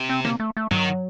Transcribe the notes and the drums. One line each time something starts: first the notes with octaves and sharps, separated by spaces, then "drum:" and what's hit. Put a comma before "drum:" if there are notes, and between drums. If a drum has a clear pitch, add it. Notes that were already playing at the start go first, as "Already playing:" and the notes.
Already playing: C3
C4
A#3, drum: snare
A3
A3
D#3 F#3, drum: tom G2